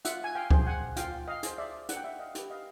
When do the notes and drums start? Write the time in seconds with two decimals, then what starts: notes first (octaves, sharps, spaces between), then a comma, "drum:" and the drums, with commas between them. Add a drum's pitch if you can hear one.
0.05 F4 E5 F#5, drum: hi-hat
0.24 G#5
0.35 F5 G5
0.51 G#4 C5, drum: kick C#2
0.66 F#5 G#5
0.96 F4 F5 G5, drum: hi-hat
1.27 D#5 F5
1.43 G#4 C5, drum: hi-hat
1.58 D5 E5
1.89 D4 F#5, drum: hi-hat
1.96 G5
2.04 E5 F#5
2.19 D#5 F5
2.35 G4 B4, drum: hi-hat
2.50 D#5 F5